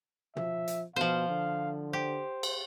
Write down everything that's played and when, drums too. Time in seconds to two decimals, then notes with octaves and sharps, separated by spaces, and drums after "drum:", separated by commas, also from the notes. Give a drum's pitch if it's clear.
0.36 F3 E5, drum: tom
0.68 drum: hi-hat
0.96 B2 F3 C5 F5
1.28 D3
1.93 G4 C5
2.43 drum: cymbal